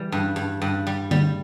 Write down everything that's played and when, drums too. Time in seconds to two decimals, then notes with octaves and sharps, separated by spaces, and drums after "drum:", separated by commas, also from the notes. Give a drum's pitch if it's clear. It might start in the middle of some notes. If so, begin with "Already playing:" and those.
Already playing: E3 G3
0.12 G2
0.36 G2
0.62 G2
0.87 G3
1.11 G3, drum: tom D3